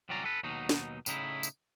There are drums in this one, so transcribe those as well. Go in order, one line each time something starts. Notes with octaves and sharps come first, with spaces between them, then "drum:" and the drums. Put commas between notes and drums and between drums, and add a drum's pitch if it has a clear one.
C2 C3 F#3 C#4 D5 A#5
A4 B4
D#2 B2 F#3 D#4
drum: snare
A2 C#3 D#4 E4, drum: tambourine
drum: tambourine